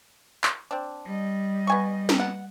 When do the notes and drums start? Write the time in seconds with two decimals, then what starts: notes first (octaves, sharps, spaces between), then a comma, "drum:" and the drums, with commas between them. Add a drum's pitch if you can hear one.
0.44 drum: clap
0.71 C4 D4
1.05 G3 D#5
1.67 B3 G#5 C#6
2.09 drum: snare
2.18 B3 F#5